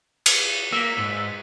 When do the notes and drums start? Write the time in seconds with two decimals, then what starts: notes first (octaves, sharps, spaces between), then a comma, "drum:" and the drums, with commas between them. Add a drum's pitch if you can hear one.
0.26 drum: cymbal
0.72 A#3 E6 B6
0.98 G#2